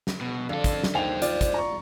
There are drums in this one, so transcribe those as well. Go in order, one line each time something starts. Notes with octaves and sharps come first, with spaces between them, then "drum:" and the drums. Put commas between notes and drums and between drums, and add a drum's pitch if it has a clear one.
drum: snare
B2
F2 D3 A4 F5
drum: kick, hi-hat
drum: snare
D#2 C5 D#5 G5 F7
F4 D5, drum: hi-hat
drum: kick, hi-hat
A#5 C#6